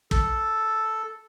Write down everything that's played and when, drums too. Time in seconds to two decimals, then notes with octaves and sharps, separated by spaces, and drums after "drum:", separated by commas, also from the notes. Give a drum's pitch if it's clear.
0.11 A4, drum: kick